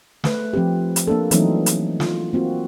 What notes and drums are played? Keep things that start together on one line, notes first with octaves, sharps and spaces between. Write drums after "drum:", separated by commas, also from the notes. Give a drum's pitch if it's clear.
A3 B4, drum: snare
F3 C4 G4
drum: hi-hat
A#3 D4 A4
E3 F#3 A3 A#3 C4 D#4, drum: hi-hat
drum: hi-hat
F4, drum: snare
A#3 C4 F4 F#4